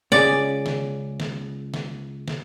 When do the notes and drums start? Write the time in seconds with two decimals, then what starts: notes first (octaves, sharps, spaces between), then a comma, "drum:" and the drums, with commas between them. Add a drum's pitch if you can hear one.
0.12 C#2 C#4 G#4 D5, drum: snare
0.66 drum: snare
1.20 drum: snare
1.74 drum: snare
2.28 drum: snare